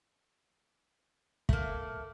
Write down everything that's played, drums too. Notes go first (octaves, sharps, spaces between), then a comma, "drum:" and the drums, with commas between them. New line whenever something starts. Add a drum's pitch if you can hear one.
A3 A#3, drum: kick